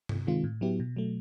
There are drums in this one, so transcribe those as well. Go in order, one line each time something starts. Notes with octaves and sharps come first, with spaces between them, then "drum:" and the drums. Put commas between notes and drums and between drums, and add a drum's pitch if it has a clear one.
C3, drum: tom G2
D#3 G#3 C4 F4
A2
F#3 B3 E4 G4
B2
F#3 A3